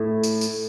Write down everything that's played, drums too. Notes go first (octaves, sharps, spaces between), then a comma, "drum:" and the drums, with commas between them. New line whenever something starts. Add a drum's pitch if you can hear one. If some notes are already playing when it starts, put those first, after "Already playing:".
Already playing: A2
drum: tambourine
drum: tambourine